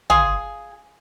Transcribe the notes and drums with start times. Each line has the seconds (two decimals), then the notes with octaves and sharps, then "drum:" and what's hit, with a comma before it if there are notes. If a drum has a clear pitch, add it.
0.10 F4 G#4, drum: tom